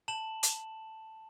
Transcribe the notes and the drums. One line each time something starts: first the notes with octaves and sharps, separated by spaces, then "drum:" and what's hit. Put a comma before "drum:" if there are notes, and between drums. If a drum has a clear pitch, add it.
A5 E7 F#7
drum: hi-hat